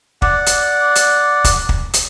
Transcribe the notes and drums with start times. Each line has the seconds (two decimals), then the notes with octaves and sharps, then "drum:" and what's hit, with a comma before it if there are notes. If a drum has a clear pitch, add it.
0.22 D5 F#5, drum: kick
0.46 drum: hi-hat
0.95 drum: hi-hat
1.44 drum: kick, hi-hat
1.69 drum: kick
1.93 drum: hi-hat